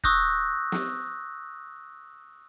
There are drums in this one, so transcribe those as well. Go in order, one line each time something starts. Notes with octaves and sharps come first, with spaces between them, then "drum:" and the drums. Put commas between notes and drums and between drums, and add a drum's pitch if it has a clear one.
C#6 D#6 E6 F#6 G6 A#6, drum: kick
drum: snare